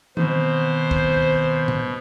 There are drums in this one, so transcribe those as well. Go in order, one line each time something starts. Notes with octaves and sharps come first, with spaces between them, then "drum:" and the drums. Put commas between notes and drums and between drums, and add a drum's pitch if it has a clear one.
B2 D#3 C4 C5, drum: tom
drum: kick
drum: tom